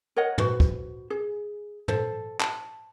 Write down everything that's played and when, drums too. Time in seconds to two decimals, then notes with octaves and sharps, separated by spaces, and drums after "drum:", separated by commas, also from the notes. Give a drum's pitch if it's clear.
0.16 A#4 C#5 D#5 F#5
0.38 F#4 B4 C5, drum: tom
0.60 drum: kick
1.10 G#4
1.88 A4 C5, drum: tom
2.40 A5, drum: clap